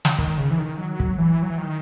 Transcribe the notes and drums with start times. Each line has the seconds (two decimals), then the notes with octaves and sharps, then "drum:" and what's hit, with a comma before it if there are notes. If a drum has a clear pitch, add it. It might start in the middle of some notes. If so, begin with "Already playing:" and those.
0.05 drum: snare
0.18 D#3, drum: kick
0.38 C#3
0.50 E3
0.59 D#3
0.78 F#3
1.00 drum: kick
1.18 E3
1.42 F#3
1.50 E3
1.58 D#3